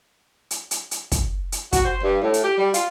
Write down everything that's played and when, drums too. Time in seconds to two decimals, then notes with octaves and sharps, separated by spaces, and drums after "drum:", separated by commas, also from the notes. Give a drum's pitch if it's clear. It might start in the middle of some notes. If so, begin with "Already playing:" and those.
0.51 drum: hi-hat
0.71 drum: hi-hat
0.91 drum: hi-hat
1.12 drum: kick, hi-hat
1.52 drum: hi-hat
1.73 F#4, drum: kick, hi-hat
1.84 C5
2.03 G2
2.22 A2
2.34 drum: hi-hat
2.44 G4
2.58 G3
2.74 F4, drum: hi-hat